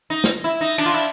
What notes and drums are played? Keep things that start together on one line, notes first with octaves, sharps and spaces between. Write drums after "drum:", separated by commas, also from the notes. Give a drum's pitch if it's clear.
D#4
drum: snare
E4
D#4
D4, drum: cymbal
F4
E4